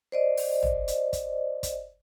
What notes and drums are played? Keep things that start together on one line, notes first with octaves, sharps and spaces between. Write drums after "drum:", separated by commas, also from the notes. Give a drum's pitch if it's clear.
C5 D5 D#5
drum: open hi-hat
drum: tom
drum: hi-hat
drum: kick, hi-hat
drum: kick, hi-hat